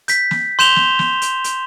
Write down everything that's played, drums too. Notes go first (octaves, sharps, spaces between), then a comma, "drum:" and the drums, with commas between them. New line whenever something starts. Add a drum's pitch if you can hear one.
G6 B6, drum: hi-hat
drum: snare
C6 G6 E7 F7 G7
drum: snare
drum: snare
drum: hi-hat
drum: hi-hat